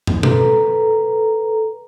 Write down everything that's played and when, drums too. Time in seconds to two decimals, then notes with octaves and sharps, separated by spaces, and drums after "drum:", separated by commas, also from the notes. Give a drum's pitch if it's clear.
0.07 drum: tom
0.23 A4 B4 A#5, drum: tom B2